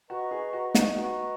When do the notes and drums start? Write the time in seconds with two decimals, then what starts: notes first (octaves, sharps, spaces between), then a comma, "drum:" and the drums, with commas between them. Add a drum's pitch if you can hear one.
0.09 F#4 B4 D#5 A#5 C#6
0.31 G#4
0.53 F#4
0.75 D#4, drum: snare
0.96 F#4 B4 D#5 A#5 C#6